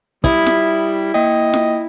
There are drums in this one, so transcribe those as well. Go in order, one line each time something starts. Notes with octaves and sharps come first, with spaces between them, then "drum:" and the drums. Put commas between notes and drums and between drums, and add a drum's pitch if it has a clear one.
G3 E4 E5 D#6, drum: kick
drum: snare
A#3 D#5 G5
drum: snare